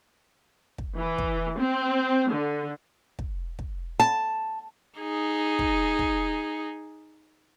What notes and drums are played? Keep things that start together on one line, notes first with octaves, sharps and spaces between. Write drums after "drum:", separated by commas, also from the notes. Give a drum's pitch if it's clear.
drum: kick
E3
drum: kick
C4
D3
drum: kick
drum: kick
A5
D#4 G#4
drum: kick
drum: kick